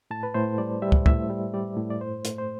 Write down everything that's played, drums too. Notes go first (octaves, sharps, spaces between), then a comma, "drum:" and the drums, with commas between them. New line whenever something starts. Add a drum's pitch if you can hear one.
A2 A5
B4
A2 C5
G3 D5
G3 E5
drum: kick
A2 E5, drum: kick
G3
G3 D5
A2
D5
G2 C5
A3, drum: hi-hat
C5